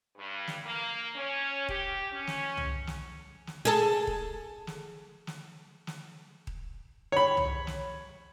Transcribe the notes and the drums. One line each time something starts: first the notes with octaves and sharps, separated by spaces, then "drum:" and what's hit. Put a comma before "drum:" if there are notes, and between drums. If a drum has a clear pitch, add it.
G2
drum: snare
A#3
C#4
G4, drum: kick D#1
C#4
drum: snare
drum: tom C2
drum: snare
drum: snare
G#4 A4
drum: kick D#1
drum: snare
drum: snare
drum: snare
drum: kick D#1
C#5 B5
drum: tom C2
drum: snare